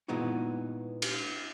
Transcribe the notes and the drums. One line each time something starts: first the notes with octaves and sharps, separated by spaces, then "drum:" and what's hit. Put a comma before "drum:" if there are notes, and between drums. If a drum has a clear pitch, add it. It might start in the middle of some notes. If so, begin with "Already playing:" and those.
A#2 G#3 B3 D#4 E4 F#4
drum: cymbal